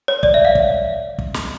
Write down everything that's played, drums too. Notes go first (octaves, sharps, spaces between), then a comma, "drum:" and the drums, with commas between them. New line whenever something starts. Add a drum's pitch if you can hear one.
C#5
D5, drum: kick
E5
F5
drum: kick
drum: kick
drum: snare